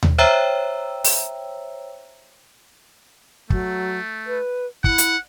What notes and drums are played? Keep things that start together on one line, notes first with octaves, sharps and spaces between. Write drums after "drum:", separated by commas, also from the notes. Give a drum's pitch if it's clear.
drum: tom D#2
C5 C#5 E5 G5 A#5 E6
drum: open hi-hat
F#3 A3, drum: kick
B4
E4 F#5, drum: kick
drum: hi-hat